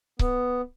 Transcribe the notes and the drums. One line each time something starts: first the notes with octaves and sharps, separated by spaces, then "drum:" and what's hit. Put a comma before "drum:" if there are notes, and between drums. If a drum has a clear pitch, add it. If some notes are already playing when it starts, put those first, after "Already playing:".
B3, drum: kick C#1